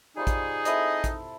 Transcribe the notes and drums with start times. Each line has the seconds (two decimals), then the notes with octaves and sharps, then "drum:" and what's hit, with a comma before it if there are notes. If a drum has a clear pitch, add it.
0.17 G3 D#4 F4 G#4 C5
0.27 drum: kick A1, hi-hat
0.65 C4 E4 A4 D#5, drum: hi-hat
1.04 drum: kick A1, hi-hat